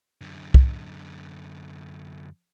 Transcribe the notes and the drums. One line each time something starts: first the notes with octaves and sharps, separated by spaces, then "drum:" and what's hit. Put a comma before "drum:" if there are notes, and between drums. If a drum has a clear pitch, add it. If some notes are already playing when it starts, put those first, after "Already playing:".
F#2 D3
drum: kick